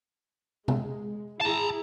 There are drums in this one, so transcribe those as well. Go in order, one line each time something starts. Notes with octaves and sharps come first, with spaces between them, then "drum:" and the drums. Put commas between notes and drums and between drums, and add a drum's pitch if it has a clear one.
G#3, drum: tom C3
E4 G#4 A5 A#5